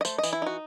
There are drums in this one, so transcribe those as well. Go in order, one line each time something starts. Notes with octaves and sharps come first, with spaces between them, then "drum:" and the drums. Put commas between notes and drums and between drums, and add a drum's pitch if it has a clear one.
D#5
A3 C5, drum: tambourine
D#5
E3, drum: tambourine
E4
D#4 F#4